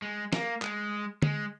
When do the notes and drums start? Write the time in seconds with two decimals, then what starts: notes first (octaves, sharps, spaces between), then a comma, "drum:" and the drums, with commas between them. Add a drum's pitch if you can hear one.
0.02 G#3
0.33 A#3, drum: snare
0.62 G#3, drum: clap
1.22 G#3, drum: tom